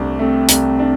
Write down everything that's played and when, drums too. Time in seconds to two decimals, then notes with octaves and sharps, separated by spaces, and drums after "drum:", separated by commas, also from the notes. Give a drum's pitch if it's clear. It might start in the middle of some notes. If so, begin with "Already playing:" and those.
Already playing: C2 A3 D4
0.19 A3 C4
0.49 C2, drum: hi-hat
0.79 D4